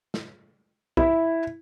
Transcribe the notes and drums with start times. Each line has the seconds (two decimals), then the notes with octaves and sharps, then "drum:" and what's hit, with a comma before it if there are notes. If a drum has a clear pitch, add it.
0.14 drum: snare
0.97 E4, drum: kick